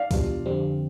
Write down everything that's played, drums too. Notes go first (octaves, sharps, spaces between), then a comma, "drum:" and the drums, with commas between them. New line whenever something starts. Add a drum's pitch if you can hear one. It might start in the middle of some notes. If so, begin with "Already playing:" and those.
Already playing: D5 F5
E2 B2 G3 D4 F4, drum: kick C2, open hi-hat
F2 D3 G3 C4